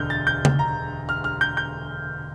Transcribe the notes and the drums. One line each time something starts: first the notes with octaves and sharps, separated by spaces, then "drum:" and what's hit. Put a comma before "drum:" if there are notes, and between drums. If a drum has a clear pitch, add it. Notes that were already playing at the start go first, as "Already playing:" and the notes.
Already playing: E1 D2 D3 F6 G6
A6
G6
drum: tom C#3
A#5
F6
F6
G6
G6